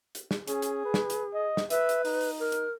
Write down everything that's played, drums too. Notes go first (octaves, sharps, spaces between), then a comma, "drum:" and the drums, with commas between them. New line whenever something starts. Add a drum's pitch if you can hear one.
drum: hi-hat
drum: snare
C#4 G#4, drum: hi-hat
drum: hi-hat
B4
drum: snare
drum: hi-hat
D#5
drum: snare
B4 E5, drum: hi-hat
drum: hi-hat
D#4, drum: open hi-hat
drum: open hi-hat
A#4
drum: hi-hat